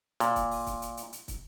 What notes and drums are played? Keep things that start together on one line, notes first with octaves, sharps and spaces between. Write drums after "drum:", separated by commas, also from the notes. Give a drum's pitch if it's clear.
A#2, drum: hi-hat
drum: kick, hi-hat
drum: open hi-hat
drum: kick, hi-hat
drum: hi-hat
drum: hi-hat
drum: hi-hat
drum: kick, hi-hat